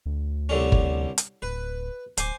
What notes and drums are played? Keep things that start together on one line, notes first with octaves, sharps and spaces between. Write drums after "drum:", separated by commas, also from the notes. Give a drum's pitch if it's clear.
D2
C2 D3 C#4
drum: kick G1
drum: hi-hat
D1 B4
D1 C5 G#5 D6, drum: hi-hat